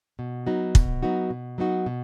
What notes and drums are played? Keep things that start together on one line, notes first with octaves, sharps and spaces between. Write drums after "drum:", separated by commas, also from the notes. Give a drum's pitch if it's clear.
B2
F#3 B3 D#4 F#4
B2, drum: kick
F#3 B3 D#4 F#4
B2
F#3 B3 D#4 F#4
B2